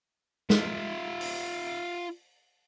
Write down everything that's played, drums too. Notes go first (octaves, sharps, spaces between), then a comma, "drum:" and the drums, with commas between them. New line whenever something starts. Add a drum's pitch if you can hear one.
F4 E5, drum: snare
drum: open hi-hat